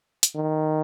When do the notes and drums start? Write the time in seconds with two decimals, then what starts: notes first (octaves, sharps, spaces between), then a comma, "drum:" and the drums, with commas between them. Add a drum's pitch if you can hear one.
0.23 drum: hi-hat
0.35 D#3